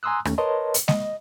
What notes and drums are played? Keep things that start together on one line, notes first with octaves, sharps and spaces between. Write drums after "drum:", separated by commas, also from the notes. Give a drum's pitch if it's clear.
G#5 A#5 C6 D#6 E6 F#6
D#2 A3 C#4, drum: rim click
A#4 B4 C#5 D#5 A5 C6
drum: hi-hat
D#5, drum: snare G#3